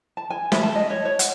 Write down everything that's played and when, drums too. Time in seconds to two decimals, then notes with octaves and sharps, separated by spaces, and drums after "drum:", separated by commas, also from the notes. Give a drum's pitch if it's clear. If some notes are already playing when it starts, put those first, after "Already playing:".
0.17 A5
0.30 G#5
0.52 E5, drum: snare
0.63 A5
0.76 D#5
0.90 C#5
1.05 C#5
1.19 F#5, drum: hi-hat